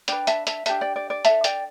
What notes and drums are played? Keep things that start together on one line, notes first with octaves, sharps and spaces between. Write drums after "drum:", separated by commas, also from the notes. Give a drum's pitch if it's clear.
D4 B4 D5 G5, drum: hi-hat
E5 A5, drum: hi-hat
E5 A5, drum: hi-hat
D4 G4 B4 E5 A5, drum: hi-hat
D5 G5
D5
D5
D4 A4 E5 A5, drum: hi-hat
D5 G5, drum: hi-hat